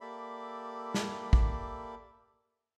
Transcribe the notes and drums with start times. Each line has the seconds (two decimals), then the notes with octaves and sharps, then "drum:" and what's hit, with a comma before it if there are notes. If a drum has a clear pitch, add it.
0.01 A#3 G4 A4 D5 E5 B5
0.94 drum: snare
1.33 drum: kick